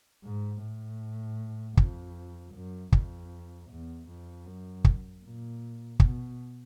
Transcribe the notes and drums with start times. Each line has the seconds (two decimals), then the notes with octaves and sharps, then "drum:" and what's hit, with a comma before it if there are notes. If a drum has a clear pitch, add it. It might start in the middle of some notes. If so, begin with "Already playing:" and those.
0.24 G#2
0.62 A2
1.77 F2, drum: kick
2.54 F#2
2.92 F2, drum: kick
3.70 E2
4.08 F2
4.46 F#2
4.84 drum: kick
5.23 A#2
6.00 B2, drum: kick